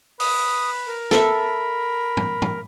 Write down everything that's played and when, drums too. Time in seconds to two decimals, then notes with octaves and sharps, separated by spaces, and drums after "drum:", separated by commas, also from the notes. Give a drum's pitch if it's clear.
0.20 B4 D#6, drum: open hi-hat
0.86 A#4
1.11 A4 E5 B5, drum: snare
2.17 drum: tom
2.42 drum: tom